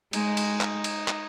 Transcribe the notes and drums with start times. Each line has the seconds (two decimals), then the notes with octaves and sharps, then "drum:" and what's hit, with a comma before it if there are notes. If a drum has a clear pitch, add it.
0.13 G#3 D#4, drum: cymbal
0.37 drum: cymbal
0.61 drum: clap
0.84 drum: cymbal
1.08 drum: clap